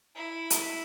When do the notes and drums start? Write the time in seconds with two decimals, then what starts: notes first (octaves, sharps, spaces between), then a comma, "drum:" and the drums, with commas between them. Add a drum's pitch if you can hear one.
0.15 E4
0.50 drum: hi-hat